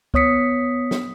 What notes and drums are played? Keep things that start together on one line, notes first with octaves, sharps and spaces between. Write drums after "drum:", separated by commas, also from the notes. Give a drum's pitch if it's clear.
B3 C#5 D#6 B6 C#7, drum: kick
drum: snare